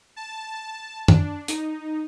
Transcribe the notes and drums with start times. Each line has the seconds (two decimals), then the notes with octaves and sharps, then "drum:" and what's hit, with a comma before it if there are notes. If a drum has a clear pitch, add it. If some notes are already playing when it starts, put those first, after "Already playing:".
0.16 A5
1.08 D4, drum: tom F#2
1.48 D#4, drum: hi-hat